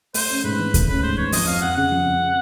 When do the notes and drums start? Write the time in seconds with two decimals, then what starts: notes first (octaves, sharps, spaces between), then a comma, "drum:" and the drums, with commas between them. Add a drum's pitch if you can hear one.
0.14 A3 C5, drum: open hi-hat
0.30 C#4
0.44 G#2 B4
0.59 E3
0.74 A3, drum: kick D2, hi-hat
0.88 C#4 B4
1.03 G#2 C5
1.18 E3 C#5
1.32 F3 D#5, drum: open hi-hat
1.47 F2 F5
1.61 F2 F#5
1.76 C#3 F#5
1.92 F3
2.05 F2